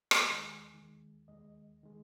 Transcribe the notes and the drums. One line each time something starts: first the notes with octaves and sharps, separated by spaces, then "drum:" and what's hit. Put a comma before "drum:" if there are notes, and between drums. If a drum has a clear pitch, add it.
drum: rim click
D#2 D#3 G#3 G#5
D#2 D#3 G#3
D#2 D#3 G#3 D#5
D#3 G#3